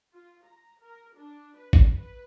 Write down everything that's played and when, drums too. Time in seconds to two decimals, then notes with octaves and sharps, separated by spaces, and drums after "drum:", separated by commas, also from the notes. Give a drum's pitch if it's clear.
0.13 F4
0.45 A#5
0.80 A#4
1.17 D4
1.57 B4
1.73 drum: kick
1.94 B4